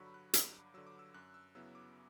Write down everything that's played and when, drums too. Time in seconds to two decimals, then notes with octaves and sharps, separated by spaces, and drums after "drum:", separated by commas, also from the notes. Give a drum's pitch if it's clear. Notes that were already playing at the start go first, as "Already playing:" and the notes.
Already playing: G2 D3 F#3 B5 C#6 E6 F#6
0.14 F#6
0.34 G2 D6, drum: hi-hat
0.74 D3 F#3 E6
0.87 D6
0.99 E6
1.14 F#2 F#6
1.34 E6
1.55 C#3 F#3 B3 E4 E6
1.75 D6